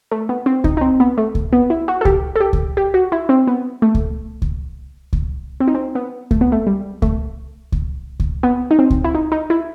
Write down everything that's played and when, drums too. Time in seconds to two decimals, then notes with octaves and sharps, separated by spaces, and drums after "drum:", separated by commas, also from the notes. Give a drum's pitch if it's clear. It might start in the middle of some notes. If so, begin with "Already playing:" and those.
0.11 A3
0.29 B3
0.46 C4
0.64 D#4, drum: kick C#2
0.77 D#4
0.81 C4
1.00 B3
1.18 A3
1.35 drum: kick C#2
1.53 B3
1.70 E4
1.88 F#4
2.01 A4
2.05 G4, drum: kick C#2
2.36 A4
2.40 G4
2.53 drum: kick C#2
2.77 G4
2.94 F#4
3.12 E4
3.29 C4
3.47 B3
3.82 A3
3.95 drum: kick C#2
4.42 drum: kick C#2
5.13 drum: kick C#2
5.60 C4
5.68 D#4
5.75 C4
5.95 B3
6.31 A3, drum: kick C#2
6.41 B3
6.52 A3
6.67 G3
7.02 A3, drum: kick C#2
7.72 drum: kick C#2
8.20 drum: kick C#2
8.43 B3
8.71 D#4
8.79 C4
8.90 drum: kick C#2
9.04 E4
9.15 D#4
9.32 D#4
9.50 E4